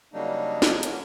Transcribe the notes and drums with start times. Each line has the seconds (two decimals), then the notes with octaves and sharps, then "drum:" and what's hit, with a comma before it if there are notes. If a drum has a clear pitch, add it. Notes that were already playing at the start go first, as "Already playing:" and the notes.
0.13 C#3 F#3 G3 A#3 D4 D#4
0.62 drum: snare
0.83 D3 F#3 A#3 C#4, drum: hi-hat